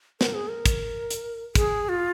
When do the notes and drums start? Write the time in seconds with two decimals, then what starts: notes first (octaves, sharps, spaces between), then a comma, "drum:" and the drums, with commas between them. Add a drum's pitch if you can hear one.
0.21 A#4, drum: snare
0.34 G#4
0.48 A#4
0.66 drum: kick, hi-hat
1.10 drum: hi-hat
1.55 G#4, drum: kick, hi-hat
1.89 F4